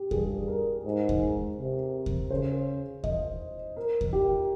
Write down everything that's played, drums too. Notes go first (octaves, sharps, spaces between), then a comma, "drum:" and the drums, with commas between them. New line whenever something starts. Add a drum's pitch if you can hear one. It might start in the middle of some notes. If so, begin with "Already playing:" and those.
Already playing: G4
G2 G#4, drum: kick D#2
A#4
G#2
drum: kick D#2
C3
drum: kick D#2
C#3 C5
D#5, drum: kick D#2
A#4
drum: kick D#2
G4